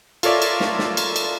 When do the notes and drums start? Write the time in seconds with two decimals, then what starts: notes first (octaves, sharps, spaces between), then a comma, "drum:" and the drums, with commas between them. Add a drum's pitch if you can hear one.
0.23 F4 A4 A#4 C#5 D5 E5, drum: cymbal
0.42 drum: cymbal
0.60 drum: snare
0.79 drum: snare
0.97 drum: cymbal
1.16 drum: cymbal